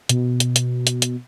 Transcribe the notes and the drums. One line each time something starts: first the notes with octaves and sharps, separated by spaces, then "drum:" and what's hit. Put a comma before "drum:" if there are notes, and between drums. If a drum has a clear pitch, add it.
B2, drum: hi-hat
drum: hi-hat
drum: hi-hat
drum: hi-hat
drum: hi-hat